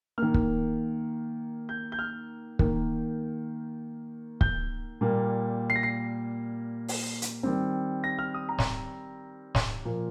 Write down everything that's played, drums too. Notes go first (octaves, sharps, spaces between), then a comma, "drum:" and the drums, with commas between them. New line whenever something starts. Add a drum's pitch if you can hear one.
D#3 A#3 F6
drum: kick
G6
G6
F6
D#3 A#3, drum: kick
G6, drum: kick
A#2 G3 A#3
C7
A#6
C7
drum: open hi-hat
drum: hi-hat
D#3 G3 C4
A#6
F6
D#6
A#5
drum: snare
drum: snare
A#2 F3 A#3